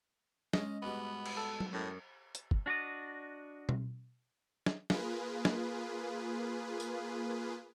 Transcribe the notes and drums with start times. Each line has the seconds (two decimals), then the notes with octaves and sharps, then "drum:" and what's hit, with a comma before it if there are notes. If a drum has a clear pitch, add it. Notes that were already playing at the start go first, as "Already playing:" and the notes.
0.53 G#3 C#4 D#5, drum: snare
0.82 G#2 B2 G3 B3
1.26 drum: cymbal
1.37 A4
1.60 drum: tom F#3
1.73 F#2 A2
2.35 drum: hi-hat
2.51 drum: kick
2.66 D4 F#4 D5 D#5
3.69 drum: tom B2
4.66 drum: snare
4.90 A#3 F4 G#4 B4, drum: snare
5.45 drum: snare
6.80 drum: tambourine